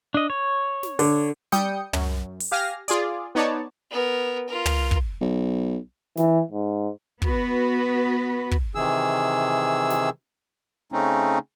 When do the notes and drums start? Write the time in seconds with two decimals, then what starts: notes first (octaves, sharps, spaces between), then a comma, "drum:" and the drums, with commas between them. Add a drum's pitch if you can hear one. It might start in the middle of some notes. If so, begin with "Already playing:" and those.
0.14 D4 D#5
0.30 C#5
0.83 drum: snare
0.99 D3, drum: open hi-hat
1.52 G3 G5 D#6 G6 C#7, drum: snare
1.93 F#2, drum: tom
2.40 drum: open hi-hat
2.52 G4 F5 G#5 F6 A#6
2.88 F4 G#4 D5, drum: hi-hat
3.35 B3 D#4 C#5 D5 A5
3.91 B3 A#4
4.48 F4 A#4
4.66 drum: tom
4.91 drum: kick
5.21 B1
6.17 E3, drum: snare
6.51 G#2
7.22 B3 F#4 B4, drum: kick
8.51 drum: kick
8.75 C3 D#3 E3 G#4 E6
9.90 drum: snare
10.92 C#3 A3 C4 C#4 D#4